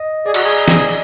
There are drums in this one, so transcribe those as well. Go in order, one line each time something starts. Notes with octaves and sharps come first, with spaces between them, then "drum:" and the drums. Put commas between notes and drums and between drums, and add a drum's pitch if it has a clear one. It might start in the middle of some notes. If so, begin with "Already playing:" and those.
Already playing: D#5
G#4 D5
F#4, drum: cymbal
G#4
drum: snare